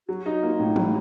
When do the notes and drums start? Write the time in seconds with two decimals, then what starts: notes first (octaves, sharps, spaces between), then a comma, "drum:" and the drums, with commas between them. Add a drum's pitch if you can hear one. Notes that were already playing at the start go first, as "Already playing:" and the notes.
0.08 F#3 F#4
0.26 D#4
0.42 A#3 F4
0.59 A2
0.69 D#4
0.76 F#3 E4, drum: tom E3